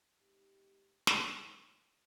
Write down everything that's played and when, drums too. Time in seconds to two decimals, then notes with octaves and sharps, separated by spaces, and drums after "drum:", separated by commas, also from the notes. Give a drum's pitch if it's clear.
0.17 A2 A3 C4 D#4 G4
1.07 drum: snare